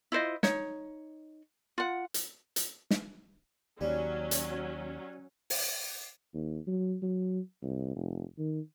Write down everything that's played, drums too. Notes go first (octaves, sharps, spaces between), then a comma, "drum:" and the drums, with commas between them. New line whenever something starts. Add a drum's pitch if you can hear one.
E4 F4 C5 D#5
D#4 C#5, drum: snare
F4 F#5
drum: hi-hat
drum: hi-hat
drum: snare
D#2 F#3 G3 C#4
drum: hi-hat
drum: open hi-hat
D#2
F#3
F#3
C2
F1
D#3